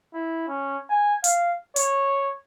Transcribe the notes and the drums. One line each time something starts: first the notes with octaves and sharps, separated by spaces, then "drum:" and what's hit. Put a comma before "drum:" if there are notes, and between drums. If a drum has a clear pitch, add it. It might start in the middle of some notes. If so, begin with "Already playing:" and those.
E4
C#4
G#5
F5, drum: hi-hat
C#5, drum: hi-hat